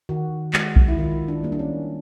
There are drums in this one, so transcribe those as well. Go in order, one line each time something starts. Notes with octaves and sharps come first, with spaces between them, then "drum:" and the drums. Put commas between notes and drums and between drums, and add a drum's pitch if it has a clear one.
D#3 F#4
G#3 F#4, drum: clap
drum: kick B1
E4
D#3 F4
D4
G3 A#3
D4
C#4